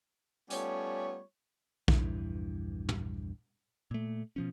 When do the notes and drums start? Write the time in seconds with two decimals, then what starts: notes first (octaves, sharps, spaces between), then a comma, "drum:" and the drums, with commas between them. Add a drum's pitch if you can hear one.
0.50 G3 A3 B3 C#4 F4 C#5, drum: hi-hat
1.88 A#1 E2 G2 E3, drum: kick
2.89 drum: tom
3.91 A#2 A3
4.36 B2 F3 C#4